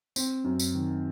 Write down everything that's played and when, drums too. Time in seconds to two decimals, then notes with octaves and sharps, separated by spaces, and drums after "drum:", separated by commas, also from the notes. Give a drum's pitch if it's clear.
0.16 C4, drum: tambourine
0.44 F#2
0.59 drum: tambourine
0.75 D#3